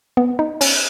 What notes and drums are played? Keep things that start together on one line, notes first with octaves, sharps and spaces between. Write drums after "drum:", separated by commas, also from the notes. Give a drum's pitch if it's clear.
B3
D#4
C#4, drum: open hi-hat